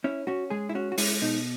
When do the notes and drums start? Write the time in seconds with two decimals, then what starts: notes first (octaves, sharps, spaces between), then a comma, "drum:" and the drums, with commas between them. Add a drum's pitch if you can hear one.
0.04 C#4 E4
0.27 C#4 F#4
0.50 G#3 G#4
0.69 E4
0.75 C#4 F#4
0.92 F#4
0.98 G#3 E4, drum: open hi-hat
1.22 B2 D#4